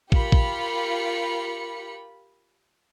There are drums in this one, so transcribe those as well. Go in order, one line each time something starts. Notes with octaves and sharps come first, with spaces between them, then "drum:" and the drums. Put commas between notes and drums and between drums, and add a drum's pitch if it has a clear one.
F4 G4 A#4 B5 C#7, drum: kick
drum: kick